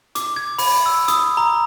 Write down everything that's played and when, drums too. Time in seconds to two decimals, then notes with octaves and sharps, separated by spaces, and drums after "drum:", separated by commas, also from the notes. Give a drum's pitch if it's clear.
0.15 D6, drum: hi-hat
0.36 G#6
0.58 B5, drum: open hi-hat
0.86 E6
1.08 D#6, drum: hi-hat
1.37 A#5